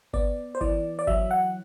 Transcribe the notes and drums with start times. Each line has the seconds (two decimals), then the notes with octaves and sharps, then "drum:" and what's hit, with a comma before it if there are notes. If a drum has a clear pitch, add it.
0.13 B3 D5, drum: kick G#1
0.55 C5
0.61 E3 D5, drum: kick G#1
0.99 D5
1.07 F#3 E5, drum: kick G#1
1.31 F#5